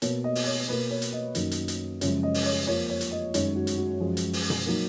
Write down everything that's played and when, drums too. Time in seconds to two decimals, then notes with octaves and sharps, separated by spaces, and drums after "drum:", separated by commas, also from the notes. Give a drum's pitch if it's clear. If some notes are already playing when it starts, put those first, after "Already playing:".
0.02 B2 A#3 C#5, drum: hi-hat
0.24 D#5
0.35 drum: open hi-hat
0.46 C#5
0.68 B2 A#3 B4
0.91 C#5
1.02 drum: hi-hat
1.12 D#5
1.35 F#2 D#3 F#3 A#3, drum: hi-hat
1.51 drum: hi-hat
1.68 drum: hi-hat
2.01 F#2 C#3 F3 G#3 C#5, drum: hi-hat
2.23 D#5
2.34 drum: open hi-hat
2.46 C#5
2.67 F2 F3 A#3 C#5
2.89 C#5
3.01 drum: hi-hat
3.11 D#5
3.34 F#2 D#3 G#3 C#5, drum: hi-hat
3.55 F#4
3.67 drum: hi-hat
3.78 F#4
4.00 F#2 F3 G#3
4.17 drum: hi-hat
4.33 drum: open hi-hat
4.50 drum: tom B2
4.66 F#3 A#3 D#4